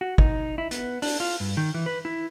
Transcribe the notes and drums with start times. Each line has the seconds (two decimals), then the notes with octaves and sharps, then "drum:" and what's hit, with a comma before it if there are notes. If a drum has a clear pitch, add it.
0.01 F#4
0.18 D#4, drum: kick
0.58 E4
0.71 B3, drum: hi-hat
1.02 D4, drum: open hi-hat
1.20 F4
1.40 G2
1.57 D#3
1.74 E3
1.86 B4
2.05 E4